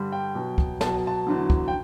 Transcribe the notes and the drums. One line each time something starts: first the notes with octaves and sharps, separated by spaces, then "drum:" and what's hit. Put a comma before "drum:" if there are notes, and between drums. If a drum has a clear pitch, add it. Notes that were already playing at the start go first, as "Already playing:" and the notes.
Already playing: G2 D3 G3
G5
B2 F#3
drum: kick
B2 F#3 A5, drum: snare
A5
E2 D3 F#3
drum: kick
G5